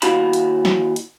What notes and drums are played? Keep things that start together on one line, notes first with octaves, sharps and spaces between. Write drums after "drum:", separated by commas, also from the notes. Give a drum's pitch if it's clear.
D#2 E4 F#4 F5 A5 B5, drum: hi-hat
drum: hi-hat
drum: snare
drum: hi-hat